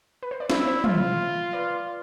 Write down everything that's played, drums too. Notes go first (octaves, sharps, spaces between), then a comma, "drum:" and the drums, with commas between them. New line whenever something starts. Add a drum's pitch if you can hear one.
B4
C5
D5
E4 C5 E5, drum: snare
C5 E5
F4, drum: tom
B4 D5